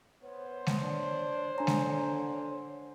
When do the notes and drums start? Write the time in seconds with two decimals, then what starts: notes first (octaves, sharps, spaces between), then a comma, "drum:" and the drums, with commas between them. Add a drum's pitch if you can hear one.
0.23 B3 C5 C#5
0.67 drum: snare G#3
0.82 D4
1.58 D3 D4 G#5 A#5
1.67 drum: snare G#3